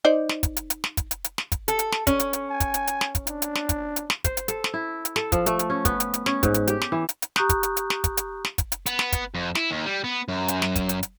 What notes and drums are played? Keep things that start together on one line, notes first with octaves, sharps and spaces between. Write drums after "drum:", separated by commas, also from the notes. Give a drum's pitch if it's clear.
D#4 C5 D5
drum: snare
drum: kick, hi-hat
drum: hi-hat
drum: hi-hat
drum: snare
drum: kick, hi-hat
drum: hi-hat
drum: hi-hat
drum: snare
drum: kick, hi-hat
A4, drum: hi-hat
drum: hi-hat
drum: snare
C#4, drum: kick, hi-hat
drum: hi-hat
drum: hi-hat
G#5
drum: kick, hi-hat
drum: hi-hat
drum: hi-hat
drum: snare
drum: kick, hi-hat
D4, drum: hi-hat
drum: hi-hat
drum: snare
drum: kick, hi-hat
drum: hi-hat
drum: snare
C5, drum: kick, hi-hat
drum: hi-hat
A4, drum: hi-hat
drum: snare
E4
drum: hi-hat
A4, drum: snare
F3, drum: kick, hi-hat
A3, drum: hi-hat
drum: hi-hat
C#4
B3, drum: kick, hi-hat
drum: hi-hat
drum: hi-hat
C#4, drum: snare
G#2, drum: kick, hi-hat
drum: hi-hat
G4, drum: hi-hat
drum: snare
E3
drum: hi-hat
drum: hi-hat
G4 A#5 C#6 D#6 F#6 G6, drum: snare
drum: kick, hi-hat
drum: hi-hat
drum: hi-hat
drum: snare
drum: kick, hi-hat
drum: hi-hat
drum: snare
drum: kick, hi-hat
drum: hi-hat
B3, drum: hi-hat
drum: snare
drum: kick, hi-hat
F2
E4, drum: snare
D#2
G3
B3
F#2
drum: hi-hat
drum: snare
drum: kick, hi-hat
drum: hi-hat
drum: hi-hat